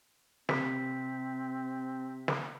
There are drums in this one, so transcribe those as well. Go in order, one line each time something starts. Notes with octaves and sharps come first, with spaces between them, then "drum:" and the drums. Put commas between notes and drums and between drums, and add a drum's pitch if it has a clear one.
C3 C4 B6, drum: snare
drum: snare